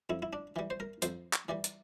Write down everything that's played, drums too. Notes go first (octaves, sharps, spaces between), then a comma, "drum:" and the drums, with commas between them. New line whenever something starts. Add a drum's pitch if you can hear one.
F2 E4
E4
D4
E3 G3
C5
A#4
F2 C5, drum: hi-hat
drum: clap
E3 G3 D5
drum: hi-hat